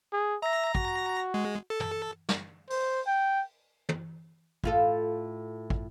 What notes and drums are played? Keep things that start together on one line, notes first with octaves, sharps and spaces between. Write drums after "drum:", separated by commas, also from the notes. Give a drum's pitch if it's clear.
G#4
E5 A#5 A#6
F#4, drum: kick
G#3
A4
drum: tom
drum: snare
C5, drum: open hi-hat
G5
drum: tom
A2 F4 A4, drum: kick
drum: kick